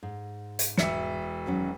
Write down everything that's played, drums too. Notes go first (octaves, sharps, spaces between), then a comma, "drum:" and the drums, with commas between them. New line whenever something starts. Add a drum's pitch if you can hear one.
G#2
drum: hi-hat
E1 E5 C#7, drum: snare
D#3 F#3 C#4